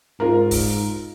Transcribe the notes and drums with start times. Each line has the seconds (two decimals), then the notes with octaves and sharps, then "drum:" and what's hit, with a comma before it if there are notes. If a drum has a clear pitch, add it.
0.20 G#2 F4 A#4
0.51 drum: kick, open hi-hat